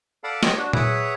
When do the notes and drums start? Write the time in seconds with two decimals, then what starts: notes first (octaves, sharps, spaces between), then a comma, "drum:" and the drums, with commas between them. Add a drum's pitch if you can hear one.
0.24 A4 D5 F5 F#5 A5 B5
0.43 B3 C4 G4 C#5 D#5, drum: snare
0.58 D4 F#4
0.73 G#4 B4 C#5 E5 F#5, drum: tom A#2